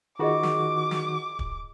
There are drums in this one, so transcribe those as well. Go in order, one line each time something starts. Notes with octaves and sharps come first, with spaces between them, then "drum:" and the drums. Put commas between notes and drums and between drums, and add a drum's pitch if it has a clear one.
D#3 F4 F#4 G#4 D#5 D6
drum: snare
drum: snare
drum: kick